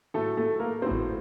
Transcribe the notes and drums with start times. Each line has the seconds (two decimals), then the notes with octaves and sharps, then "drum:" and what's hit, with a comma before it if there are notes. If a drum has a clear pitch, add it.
0.14 A2 F#3 A3 A4
0.37 A3 A4
0.59 A#3 A#4
0.82 A2 F#3 C4 C5
0.91 drum: kick G#1